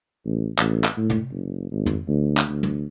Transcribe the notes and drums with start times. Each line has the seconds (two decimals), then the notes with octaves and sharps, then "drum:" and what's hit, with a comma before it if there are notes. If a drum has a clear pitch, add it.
0.25 A1
0.59 A1, drum: clap
0.84 drum: clap
0.97 A2
1.10 drum: tom
1.31 F#1
1.71 G#1
1.86 drum: tom
2.08 D2
2.37 drum: clap
2.49 D2
2.63 drum: tom